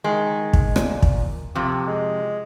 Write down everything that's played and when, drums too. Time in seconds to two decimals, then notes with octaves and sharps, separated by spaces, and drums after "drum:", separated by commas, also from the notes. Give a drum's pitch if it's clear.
0.04 D#3 G#3
0.53 drum: kick
0.76 A#2, drum: rim click
1.02 drum: kick
1.55 F2 C3 G4
1.87 G#3